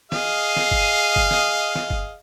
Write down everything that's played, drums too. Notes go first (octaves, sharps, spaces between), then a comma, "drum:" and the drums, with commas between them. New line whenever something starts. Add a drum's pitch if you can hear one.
G#4 D#5 F5, drum: snare
drum: snare
drum: kick G1
drum: kick G1
drum: snare
drum: snare
drum: kick G1